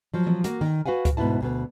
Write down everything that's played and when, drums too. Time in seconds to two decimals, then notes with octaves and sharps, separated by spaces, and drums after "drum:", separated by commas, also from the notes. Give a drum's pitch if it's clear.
0.14 F3 F#3
0.27 drum: tom E3
0.44 A#3 F#4, drum: hi-hat
0.61 D#3
0.86 F#4 B4 F5 F#5 G#5
1.05 drum: kick C#2, hi-hat
1.17 D2 G#2 B2 B3 E4 A5
1.41 D2 B2 B3